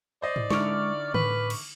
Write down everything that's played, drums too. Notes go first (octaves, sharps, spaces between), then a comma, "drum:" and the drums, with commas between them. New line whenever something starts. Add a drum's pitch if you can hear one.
C5 D5 D#5 C7
drum: tom G#2
D3 G#3 D#4 E4 C#6 D6 F6, drum: snare
A2 B4, drum: tom D3
drum: cymbal